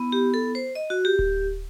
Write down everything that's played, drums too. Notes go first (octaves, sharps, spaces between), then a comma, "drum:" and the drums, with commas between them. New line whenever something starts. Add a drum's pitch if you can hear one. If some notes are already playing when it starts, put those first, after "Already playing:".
Already playing: B3 E4
G4
A4
C5
D#5
F#4
G4
drum: kick D1